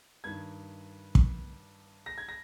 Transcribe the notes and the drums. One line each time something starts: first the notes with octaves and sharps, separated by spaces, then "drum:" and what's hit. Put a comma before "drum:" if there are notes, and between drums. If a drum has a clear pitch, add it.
G2 D#3 G#6
drum: kick
A#6
G#6
A#6